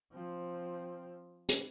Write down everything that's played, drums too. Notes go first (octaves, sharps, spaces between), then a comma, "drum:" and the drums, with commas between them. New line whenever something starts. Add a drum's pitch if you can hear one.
F3 C4
drum: hi-hat